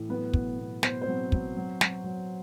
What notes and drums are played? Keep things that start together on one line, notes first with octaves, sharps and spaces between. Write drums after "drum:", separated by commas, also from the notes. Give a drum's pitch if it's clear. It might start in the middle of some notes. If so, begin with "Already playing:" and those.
Already playing: A2 E3
F#3 B3 B4
B2, drum: kick
B2
B2 C5, drum: snare
C4 C5
F#3
F#3, drum: kick
F#3
F#3, drum: snare
F#3